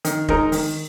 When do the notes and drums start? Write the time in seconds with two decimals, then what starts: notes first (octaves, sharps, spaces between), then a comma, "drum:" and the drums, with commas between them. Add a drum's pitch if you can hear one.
0.05 D#3, drum: hi-hat
0.28 G#3 D#4 A#4, drum: kick E1
0.52 D#3, drum: open hi-hat